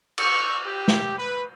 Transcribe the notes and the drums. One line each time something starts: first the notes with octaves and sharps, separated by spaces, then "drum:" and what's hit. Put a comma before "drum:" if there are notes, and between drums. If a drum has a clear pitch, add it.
C#6, drum: cymbal
G4
drum: snare
B4